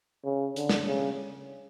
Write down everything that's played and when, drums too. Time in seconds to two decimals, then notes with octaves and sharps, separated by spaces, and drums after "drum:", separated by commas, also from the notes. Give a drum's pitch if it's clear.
0.24 C#3
0.56 D3, drum: hi-hat
0.69 drum: snare
0.87 C#3